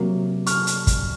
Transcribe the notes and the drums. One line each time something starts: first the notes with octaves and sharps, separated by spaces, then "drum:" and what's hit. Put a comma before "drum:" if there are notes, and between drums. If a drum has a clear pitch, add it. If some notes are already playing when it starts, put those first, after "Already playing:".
Already playing: C3 F#3 A#3
C#6 F6, drum: hi-hat
drum: hi-hat
drum: kick, hi-hat